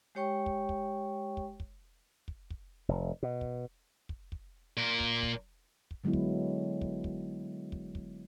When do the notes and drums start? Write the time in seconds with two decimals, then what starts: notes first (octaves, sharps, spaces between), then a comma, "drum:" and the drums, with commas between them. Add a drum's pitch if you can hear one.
0.15 G#3 G4 C#5 G5 C#6
0.46 drum: kick
0.69 drum: kick
1.37 drum: kick
1.60 drum: kick
2.28 drum: kick
2.50 drum: kick
2.88 F1
3.23 B2
3.41 drum: kick
4.09 drum: kick
4.32 drum: kick
4.77 A#2 A#4
5.00 drum: kick
5.23 drum: kick
5.91 drum: kick
6.04 D3 F#3 G#3 B3 E4
6.13 drum: kick
6.81 drum: kick
7.04 drum: kick
7.72 drum: kick
7.95 drum: kick